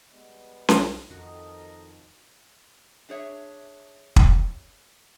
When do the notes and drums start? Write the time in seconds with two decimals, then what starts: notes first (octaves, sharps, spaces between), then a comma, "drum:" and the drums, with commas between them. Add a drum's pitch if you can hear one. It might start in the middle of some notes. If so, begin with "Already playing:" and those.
0.13 G3 G#3 B3
0.69 B1 D#4, drum: snare C#4
1.10 F2 D#3 F3 F#4 A4 A#4 D#5
3.09 D4 G#4 C#5 E5
4.16 drum: kick